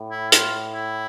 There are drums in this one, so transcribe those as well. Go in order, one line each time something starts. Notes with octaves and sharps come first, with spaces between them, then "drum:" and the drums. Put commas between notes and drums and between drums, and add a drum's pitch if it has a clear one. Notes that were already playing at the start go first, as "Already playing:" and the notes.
Already playing: A2
E4
F4, drum: hi-hat
E4